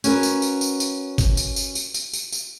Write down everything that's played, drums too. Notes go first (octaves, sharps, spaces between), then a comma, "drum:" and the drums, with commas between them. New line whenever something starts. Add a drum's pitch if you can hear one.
C#4 F#4 A#4 B4, drum: tambourine
drum: tambourine
drum: tambourine
drum: tambourine
drum: tambourine
drum: kick, tambourine
drum: tambourine
drum: tambourine
drum: tambourine
drum: tambourine
drum: tambourine
drum: tambourine